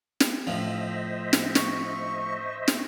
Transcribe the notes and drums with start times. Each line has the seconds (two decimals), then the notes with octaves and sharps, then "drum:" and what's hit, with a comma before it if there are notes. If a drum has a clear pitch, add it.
0.20 drum: snare
0.47 A2 F3 C5 D#5 E5
1.33 drum: snare
1.55 C#6, drum: snare
2.68 drum: snare